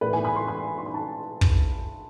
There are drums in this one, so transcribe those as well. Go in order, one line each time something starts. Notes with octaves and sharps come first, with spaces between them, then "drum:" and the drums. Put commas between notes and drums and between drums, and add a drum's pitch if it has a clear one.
A2 E3 A3 B4
G#5
B5
C6
B5
C6
B5
A5
drum: kick